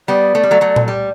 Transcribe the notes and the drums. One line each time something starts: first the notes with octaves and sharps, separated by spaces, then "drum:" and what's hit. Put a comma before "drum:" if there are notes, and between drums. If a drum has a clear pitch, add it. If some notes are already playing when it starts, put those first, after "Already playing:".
G3 B3 D5
A3
G3
F#3 A3
F#3 A3
drum: tom A#2
G3